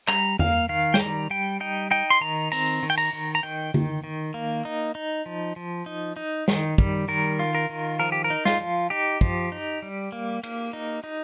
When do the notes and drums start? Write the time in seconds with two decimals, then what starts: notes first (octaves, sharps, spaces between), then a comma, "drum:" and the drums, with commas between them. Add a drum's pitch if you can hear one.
0.08 G3 A#5, drum: clap
0.39 A#3 F5, drum: tom E2
0.69 D#3 F5
0.94 G5, drum: snare
1.00 G3 A#5
1.30 G3 G5
1.60 D#4 G5
1.91 D#4 G5
2.10 C6
2.21 D#3 A#5
2.52 C4 A#5, drum: open hi-hat
2.83 D#3
2.90 G5
2.98 A#5, drum: cymbal
3.13 D#3
3.35 A#5
3.43 D#3 G5
3.74 D#3, drum: tom D3
4.04 D#3
4.34 A#3
4.65 D#4
4.95 D#4
5.26 F3
5.56 F3
5.86 D#4
6.16 D#4
6.48 D#3, drum: snare
6.78 G3, drum: kick
7.08 D#3 A#4
7.39 F4
7.55 A#4
7.70 D#3
8.00 F3 A#4
8.12 G4
8.24 A#4
8.30 D#4
8.45 F4, drum: snare
8.60 F3
8.90 D#4 G4
9.21 F3, drum: kick
9.52 D#4
9.82 G3
10.12 A#3
10.43 A#3, drum: cymbal
10.73 D#4
11.04 D#4